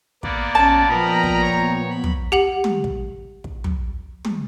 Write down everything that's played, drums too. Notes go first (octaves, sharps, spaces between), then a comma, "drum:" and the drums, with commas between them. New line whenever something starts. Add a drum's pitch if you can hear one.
A#3 B3 D5, drum: kick
A#1 C#4 A5
A#2 F3 B3 A#4 D#5 G5 A#5 B5
drum: kick
C#5
B5
drum: tom
G4 F#5 F#7
drum: tom
drum: kick
drum: kick
drum: tom
drum: tom